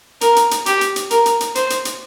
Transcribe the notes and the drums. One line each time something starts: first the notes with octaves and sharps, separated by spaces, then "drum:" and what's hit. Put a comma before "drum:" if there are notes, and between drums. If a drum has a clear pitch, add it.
A#4, drum: hi-hat
drum: hi-hat
drum: hi-hat
G4, drum: hi-hat
drum: hi-hat
drum: hi-hat
A#4, drum: hi-hat
drum: hi-hat
drum: hi-hat
C5, drum: hi-hat
drum: hi-hat
drum: hi-hat